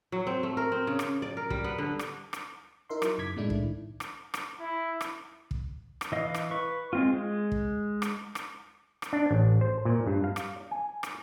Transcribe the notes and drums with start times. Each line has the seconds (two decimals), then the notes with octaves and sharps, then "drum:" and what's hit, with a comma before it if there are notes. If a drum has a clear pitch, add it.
0.12 F#3
0.27 C4
0.43 A3
0.57 A#4
0.72 C4
0.87 C#3
0.99 drum: rim click
1.22 D5
1.37 A#4
1.50 G3, drum: kick
1.64 B3
1.78 D3
1.99 drum: rim click
2.33 drum: rim click
2.89 D#4 E4 A#4 E5 C6
3.02 F#3, drum: rim click
3.18 F#2 C#3 D6 G#6 B6
3.36 A2 D#3 G#3 A3 D4 E4
3.50 drum: kick
4.00 drum: rim click
4.34 drum: rim click
4.60 E4
5.01 drum: rim click
5.51 drum: kick
6.01 drum: rim click
6.12 E3 D#5 F5
6.34 drum: rim click
6.51 B4 C#6
6.93 G#3 C4 F4
7.14 G#3
7.52 drum: kick
8.02 drum: rim click
8.35 drum: rim click
9.02 drum: rim click
9.13 D4
9.31 A1
9.61 C5
9.85 A#2
10.07 G2
10.24 F5
10.36 drum: rim click
10.71 G#5
11.03 drum: rim click